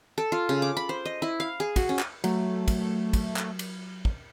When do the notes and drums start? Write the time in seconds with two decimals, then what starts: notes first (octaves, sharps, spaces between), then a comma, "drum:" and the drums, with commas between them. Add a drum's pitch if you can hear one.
0.18 A4
0.32 F4
0.49 C#3
0.62 D6
0.77 B5
0.89 C5
1.05 D#5
1.22 E4
1.40 F5
1.60 G#4
1.76 F#4, drum: kick, cymbal
1.89 C#4
1.99 drum: clap
2.24 F#3 A3, drum: cymbal
2.68 drum: kick, cymbal
3.13 drum: kick, cymbal
3.36 drum: clap
3.59 drum: cymbal
4.05 drum: kick